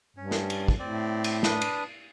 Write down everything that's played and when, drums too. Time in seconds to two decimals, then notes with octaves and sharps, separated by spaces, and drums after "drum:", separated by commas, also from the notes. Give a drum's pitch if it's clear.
0.17 G2 C#4
0.31 drum: snare
0.50 drum: cymbal
0.68 drum: kick
0.79 A2 C4 D5
1.24 drum: cymbal
1.43 D4 B4 D#6, drum: snare
1.61 drum: cymbal